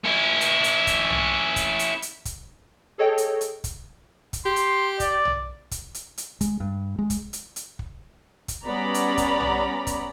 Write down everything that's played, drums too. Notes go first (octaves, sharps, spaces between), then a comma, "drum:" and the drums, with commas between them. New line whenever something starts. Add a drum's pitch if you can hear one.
C#4 E4
drum: hi-hat
drum: hi-hat
drum: kick, hi-hat
drum: tom B1
drum: kick, hi-hat
drum: hi-hat
drum: hi-hat
drum: kick, hi-hat
G#4 A4 C#5 D#5 G5
drum: hi-hat
drum: hi-hat
drum: kick, hi-hat
drum: kick, hi-hat
G4 C6
drum: hi-hat
D5, drum: kick, hi-hat
drum: tom B1
drum: kick, hi-hat
drum: hi-hat
drum: hi-hat
G#3, drum: kick, hi-hat
G2
G#3
drum: kick, hi-hat
drum: hi-hat
drum: hi-hat
drum: kick
drum: kick, hi-hat
G3 B3 C#4 D5 A#5 B5
drum: hi-hat
drum: kick, hi-hat
drum: tom B1
drum: kick, hi-hat